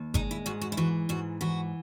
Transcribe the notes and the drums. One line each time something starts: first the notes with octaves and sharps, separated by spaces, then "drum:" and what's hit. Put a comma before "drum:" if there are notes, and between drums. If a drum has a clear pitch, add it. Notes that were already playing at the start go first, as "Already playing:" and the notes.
Already playing: D#2
G#3 D#4, drum: kick G1
E4
G#2 F#4
F#4
E4
E3 F#4
G#2 F#4
E3 F#4